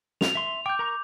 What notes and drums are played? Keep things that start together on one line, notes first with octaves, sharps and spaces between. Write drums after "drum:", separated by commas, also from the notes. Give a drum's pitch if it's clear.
F7, drum: snare
E5 C6
G5 D6 G6
A#4 A#5 C#6